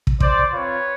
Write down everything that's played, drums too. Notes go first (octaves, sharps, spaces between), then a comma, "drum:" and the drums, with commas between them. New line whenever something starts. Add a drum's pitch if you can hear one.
drum: kick
C5 D5, drum: kick
C4 F4 B4 C#5